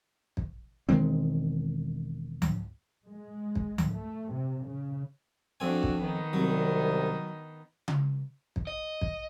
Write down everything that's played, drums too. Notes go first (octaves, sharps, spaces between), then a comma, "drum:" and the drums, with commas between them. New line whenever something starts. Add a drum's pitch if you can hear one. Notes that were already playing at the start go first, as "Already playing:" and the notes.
drum: kick
E1 D#3 G#3 C4
drum: tom C#2
G#3
drum: kick
drum: tom C#2
A3
C3
C#3
F2 C4 D4 F#4 G#5
drum: kick
D#3 B3 D#4
C2 F#3
drum: tom C#3
drum: kick
D#5
drum: kick